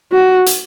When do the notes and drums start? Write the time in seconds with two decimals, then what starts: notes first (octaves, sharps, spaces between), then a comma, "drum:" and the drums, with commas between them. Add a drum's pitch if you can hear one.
0.12 F#4
0.46 drum: hi-hat